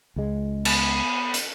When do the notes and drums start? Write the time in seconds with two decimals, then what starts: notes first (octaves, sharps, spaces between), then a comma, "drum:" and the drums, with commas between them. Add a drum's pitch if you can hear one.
0.16 C#2 G#3
0.65 B3, drum: cymbal
1.34 drum: hi-hat